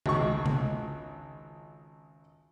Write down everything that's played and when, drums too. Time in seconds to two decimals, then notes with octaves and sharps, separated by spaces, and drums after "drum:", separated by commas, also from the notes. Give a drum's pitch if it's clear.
0.06 G#1 C#2 C#6, drum: tom C#3
0.46 drum: tom C#3